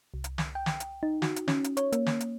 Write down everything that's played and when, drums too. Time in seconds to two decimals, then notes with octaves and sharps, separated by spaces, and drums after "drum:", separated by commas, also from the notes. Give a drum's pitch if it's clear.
0.14 C2
0.24 drum: hi-hat
0.38 drum: snare
0.55 G5
0.66 drum: snare
0.80 drum: hi-hat
1.03 D#4
1.22 F#4, drum: snare
1.36 drum: hi-hat
1.48 C#4, drum: snare
1.64 drum: hi-hat
1.77 C#5, drum: hi-hat
1.92 A#3, drum: hi-hat
2.06 drum: snare
2.20 drum: hi-hat